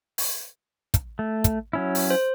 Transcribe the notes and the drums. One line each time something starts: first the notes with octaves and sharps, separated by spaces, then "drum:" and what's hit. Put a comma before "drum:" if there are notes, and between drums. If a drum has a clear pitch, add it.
drum: open hi-hat
drum: kick, hi-hat
A3
drum: kick, hi-hat
F#3 C#4 E4
drum: open hi-hat
C5